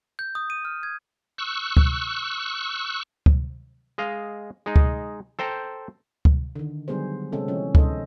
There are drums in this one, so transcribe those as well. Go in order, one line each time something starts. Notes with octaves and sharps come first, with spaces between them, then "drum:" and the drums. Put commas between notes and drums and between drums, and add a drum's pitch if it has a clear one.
G6
D#6
D#7
F6
G#6
C#6 E6 F#6
drum: kick C#2
drum: kick C#2
G#3 D#5 F5
G#3 D#4
drum: kick C#2
A4 C5 G5 A#5
drum: kick C#2
D3 D#3
D3 F#3 G3 B3 G#4 C5
C3 G#3 C4 C#4 A4
E3 F3 C#4
D#4 A4 C5 D#5, drum: kick C#2